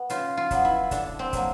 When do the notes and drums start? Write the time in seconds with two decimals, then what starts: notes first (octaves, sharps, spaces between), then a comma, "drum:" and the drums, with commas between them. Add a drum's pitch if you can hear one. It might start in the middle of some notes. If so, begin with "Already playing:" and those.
Already playing: B3
0.10 C#3 F4, drum: hi-hat
0.37 F4
0.51 F#3 B3, drum: kick, hi-hat
0.65 E4
0.91 D3 D4, drum: kick, hi-hat
1.19 C4
1.33 F#3 A#3, drum: kick, hi-hat